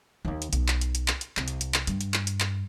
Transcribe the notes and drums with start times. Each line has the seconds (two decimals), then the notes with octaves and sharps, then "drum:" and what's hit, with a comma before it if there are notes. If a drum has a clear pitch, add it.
0.25 D#2 A#3
0.42 drum: hi-hat
0.53 B1, drum: hi-hat
0.68 drum: clap
0.81 drum: hi-hat
0.95 drum: hi-hat
1.08 drum: clap
1.21 drum: hi-hat
1.37 C2, drum: clap
1.48 drum: hi-hat
1.61 drum: hi-hat
1.74 drum: clap
1.87 G2, drum: hi-hat
2.01 drum: hi-hat
2.14 drum: clap
2.27 drum: hi-hat
2.40 drum: clap